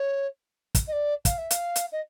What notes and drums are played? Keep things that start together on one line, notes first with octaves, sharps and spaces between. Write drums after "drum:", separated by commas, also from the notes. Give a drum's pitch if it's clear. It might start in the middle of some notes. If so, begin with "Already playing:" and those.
Already playing: C#5
drum: kick, hi-hat
D#5
D5
F5, drum: kick, hi-hat
E5
F5, drum: hi-hat
drum: hi-hat
D#5